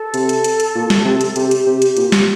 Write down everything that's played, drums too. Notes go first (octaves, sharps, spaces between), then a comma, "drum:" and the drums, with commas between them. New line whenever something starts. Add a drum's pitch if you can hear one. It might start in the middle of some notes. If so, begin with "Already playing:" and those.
Already playing: A4
C3, drum: hi-hat
drum: hi-hat
drum: hi-hat
drum: hi-hat
A#2
drum: snare
C3
drum: hi-hat
C3 G4, drum: hi-hat
drum: hi-hat
C3
drum: hi-hat
A#2, drum: hi-hat
drum: snare